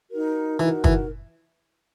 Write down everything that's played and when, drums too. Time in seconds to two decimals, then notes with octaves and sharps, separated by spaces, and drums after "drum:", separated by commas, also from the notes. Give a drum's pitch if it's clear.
0.12 D#4 F#4 A#4
0.60 E3 D#4 F#4 A#4
0.84 E3, drum: kick